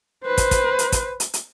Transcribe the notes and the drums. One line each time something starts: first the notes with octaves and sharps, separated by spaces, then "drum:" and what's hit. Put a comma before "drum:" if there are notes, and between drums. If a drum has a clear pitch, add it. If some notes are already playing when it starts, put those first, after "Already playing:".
B4 C5
drum: kick, hi-hat
drum: kick, hi-hat
drum: hi-hat
drum: kick, hi-hat
drum: hi-hat
drum: hi-hat